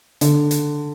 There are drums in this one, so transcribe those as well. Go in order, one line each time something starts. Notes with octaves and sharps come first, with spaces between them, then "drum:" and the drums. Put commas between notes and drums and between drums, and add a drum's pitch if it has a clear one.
D3, drum: hi-hat
drum: hi-hat